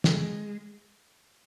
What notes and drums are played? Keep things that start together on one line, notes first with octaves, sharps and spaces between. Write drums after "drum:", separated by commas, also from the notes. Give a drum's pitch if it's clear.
G#3, drum: snare